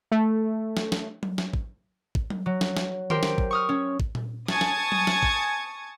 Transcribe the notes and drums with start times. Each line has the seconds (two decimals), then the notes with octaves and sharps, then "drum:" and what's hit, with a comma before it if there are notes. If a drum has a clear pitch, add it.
0.11 A3
0.77 drum: snare
0.92 drum: snare
1.23 drum: tom F#3
1.38 drum: snare
1.54 drum: kick
2.15 drum: kick
2.30 drum: tom F#3
2.46 F#3
2.61 drum: snare
2.77 drum: snare
3.10 G4 A#4 C5 G5, drum: tom D#3
3.23 drum: snare
3.38 drum: kick
3.51 C#6 D#6 F6
3.69 C#4
4.00 drum: kick
4.15 drum: tom A#2
4.48 G#5 A5 C#6 D#6 G#6, drum: snare
4.61 drum: snare
4.92 drum: tom F#3
5.07 drum: snare
5.23 drum: kick